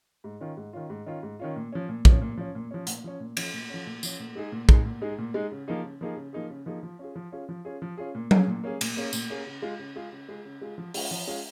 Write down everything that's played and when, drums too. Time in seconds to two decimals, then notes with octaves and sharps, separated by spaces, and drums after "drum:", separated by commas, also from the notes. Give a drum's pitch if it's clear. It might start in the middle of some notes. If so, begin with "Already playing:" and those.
0.24 G#2
0.41 D#3 C#4 F4
0.57 G#2
0.73 D#3 C#4 F4
0.90 G#2
1.06 D#3 C#4 F4
1.23 G#2
1.39 D#3 C#4 F4
1.56 A#2
1.72 F3 C#4
1.89 A#2
2.05 F3 C#4, drum: kick A#1
2.21 A#2
2.37 F3 C#4
2.55 A#2
2.71 F3 C#4
2.87 A#2, drum: hi-hat
3.04 F3 C#4
3.20 A#2
3.37 F3 C#4, drum: cymbal
3.53 A#2
3.70 F3 C#4
3.86 A#2
4.03 F3 C#4, drum: tambourine
4.19 A#2
4.35 G#3 D#4 G#4
4.52 A#2
4.69 G#3 D#4 G#4, drum: kick A#1
4.85 A#2
5.01 G#3 D#4 G#4
5.18 A#2
5.34 G#3 D#4 G#4
5.52 C#3
5.68 F3 A#3 D#4 G#4
5.84 C#3
6.01 F3 A#3 D#4 G#4
6.17 C#3
6.33 F3 A#3 D#4 G#4
6.50 C#3
6.66 F3 A#3 D#4 G#4
6.83 F3
6.99 C#4 F4 G#4
7.15 F3
7.32 C#4 F4 G#4
7.49 F3
7.65 C#4 F4 G#4
7.82 F3
7.98 C#4 F4 G#4
8.15 A#2
8.31 A#3 C#4 G#4, drum: tom F#3
8.47 A#2
8.64 A#3 C#4 G#4
8.81 A#2, drum: cymbal
8.97 A#3 C#4 G#4
9.13 A#2, drum: tambourine
9.30 A#3 C#4 G#4
9.46 C#3
9.62 G#3 F4 G#4
9.79 C#3
9.96 G#3 F4 G#4
10.12 C#3
10.29 G#3 F4 G#4
10.45 C#3
10.61 G#3 F4 G#4
10.78 F3
10.94 G#3 C#4 F4 G#4, drum: open hi-hat
11.11 F3
11.27 G#3 C#4 F4 G#4